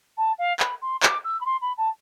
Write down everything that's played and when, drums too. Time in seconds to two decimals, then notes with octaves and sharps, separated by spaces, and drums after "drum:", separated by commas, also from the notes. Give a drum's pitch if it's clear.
0.17 A5
0.38 F5
0.60 B5, drum: clap
0.82 C6
1.03 D6, drum: clap
1.24 E6
1.41 B5
1.45 C6
1.61 B5
1.78 A5